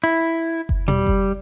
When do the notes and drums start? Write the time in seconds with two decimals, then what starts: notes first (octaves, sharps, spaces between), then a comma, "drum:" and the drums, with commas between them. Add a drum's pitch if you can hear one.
0.04 E4
0.69 drum: kick F#1
0.88 G3, drum: tom B2
1.07 drum: kick F#1